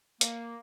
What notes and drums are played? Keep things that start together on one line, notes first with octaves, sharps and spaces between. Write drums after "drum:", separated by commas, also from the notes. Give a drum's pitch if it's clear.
A#3, drum: hi-hat